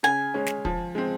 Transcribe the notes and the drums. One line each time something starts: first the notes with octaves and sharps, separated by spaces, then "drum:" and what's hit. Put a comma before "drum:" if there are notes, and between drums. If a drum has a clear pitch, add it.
C#3 G#5
G#3 C#4
drum: snare
F3, drum: kick
G#3 C4